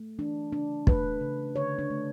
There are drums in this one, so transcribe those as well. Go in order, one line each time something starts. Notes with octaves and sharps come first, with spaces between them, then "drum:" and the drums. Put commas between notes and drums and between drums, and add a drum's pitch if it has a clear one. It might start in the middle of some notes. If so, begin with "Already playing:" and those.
Already playing: A3
E3 D4
C#3 D4
A3 B4, drum: kick
C#3
D3 C#5
D4
A3